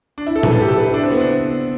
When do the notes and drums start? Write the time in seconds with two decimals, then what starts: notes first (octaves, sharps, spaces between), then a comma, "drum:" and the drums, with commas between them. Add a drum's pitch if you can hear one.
0.18 D4
0.27 E4
0.36 A4
0.43 B4, drum: tom
0.52 A4
0.60 G4
0.68 A4
0.78 B4
0.86 E4
0.94 D4
1.03 C4
1.11 B3
1.20 D4